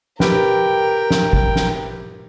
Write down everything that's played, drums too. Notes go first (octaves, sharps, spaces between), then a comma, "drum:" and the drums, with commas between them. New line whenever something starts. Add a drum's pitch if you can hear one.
G4 A#4 B4 G5, drum: snare
drum: snare
drum: kick
drum: snare